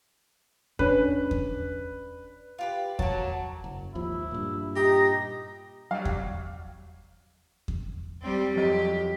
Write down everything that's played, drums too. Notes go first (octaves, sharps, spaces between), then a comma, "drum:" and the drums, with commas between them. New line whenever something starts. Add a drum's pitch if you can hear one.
C#4 D4 B4, drum: kick E2
drum: kick E2
F4 G4 B4
F#3 A#3 A5, drum: kick E2
F#1
G#1 D#2 F3 E4
G2 A#2
D#4 G4 A#6
F#3 G3 F5
drum: kick E2
drum: kick E2
G3 C4
F2 F#3 G4 D#5